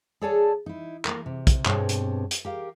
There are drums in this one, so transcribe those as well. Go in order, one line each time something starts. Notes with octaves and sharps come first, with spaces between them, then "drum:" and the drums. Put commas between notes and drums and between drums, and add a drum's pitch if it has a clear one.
G#4 A4 C#5 D5 G#5 A5
D#4 E4
A#3 A#4, drum: clap
C3
drum: kick, hi-hat
G2 B2 C4 D4 G#4 C#5, drum: clap
drum: hi-hat
drum: hi-hat
G4 A#4 F5